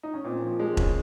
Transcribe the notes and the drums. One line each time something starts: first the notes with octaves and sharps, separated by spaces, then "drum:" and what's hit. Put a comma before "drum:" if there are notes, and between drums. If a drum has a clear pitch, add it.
D#4
C#4
A#2 C4
F3
G#3
C4
C#3 C#4, drum: kick E1